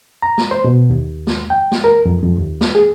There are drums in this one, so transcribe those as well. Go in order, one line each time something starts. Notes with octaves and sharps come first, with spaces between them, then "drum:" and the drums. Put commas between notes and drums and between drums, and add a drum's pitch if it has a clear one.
A#5
drum: snare
C5
B2
D#2
drum: snare
G5
drum: snare
A#4
F2
F2
D#2
drum: snare
G#4